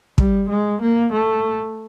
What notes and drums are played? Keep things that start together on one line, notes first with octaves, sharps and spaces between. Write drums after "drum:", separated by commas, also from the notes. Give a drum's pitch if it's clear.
G3, drum: kick
G#3
A#3
A3